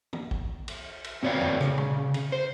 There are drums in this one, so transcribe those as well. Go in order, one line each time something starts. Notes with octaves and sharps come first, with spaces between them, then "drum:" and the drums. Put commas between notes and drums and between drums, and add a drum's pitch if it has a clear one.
drum: tom
drum: kick
drum: cymbal
drum: cymbal
C4 F#4 C#5 D5 F5 G5
drum: tom F2
C#3, drum: rim click
drum: tom
drum: cymbal
C5